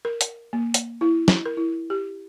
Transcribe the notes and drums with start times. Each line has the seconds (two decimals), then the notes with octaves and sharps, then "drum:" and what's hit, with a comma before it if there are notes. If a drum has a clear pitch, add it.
0.05 A#4
0.21 drum: hi-hat
0.53 A#3
0.74 drum: hi-hat
1.01 E4
1.28 drum: snare
1.46 A#4
1.57 E4
1.90 G4